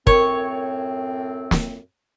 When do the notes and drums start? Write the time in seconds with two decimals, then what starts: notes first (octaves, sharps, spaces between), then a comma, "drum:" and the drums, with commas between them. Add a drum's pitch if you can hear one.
0.07 F#2 A2 C4 A#4 C#5, drum: kick
1.51 drum: snare